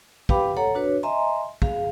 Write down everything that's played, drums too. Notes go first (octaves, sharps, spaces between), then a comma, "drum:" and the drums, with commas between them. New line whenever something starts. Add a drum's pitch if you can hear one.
G4 B4 F5 G5 B5 D6, drum: kick
A4 C#5 F#5 A#5
D4 F#4 B4 C#5
D#5 E5 G#5 A#5 C6
G#4 F5, drum: kick